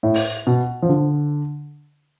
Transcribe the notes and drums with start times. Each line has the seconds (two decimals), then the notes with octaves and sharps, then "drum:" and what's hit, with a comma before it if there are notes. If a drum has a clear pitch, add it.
0.03 A2
0.14 drum: open hi-hat
0.47 B2
0.82 F3
0.89 D3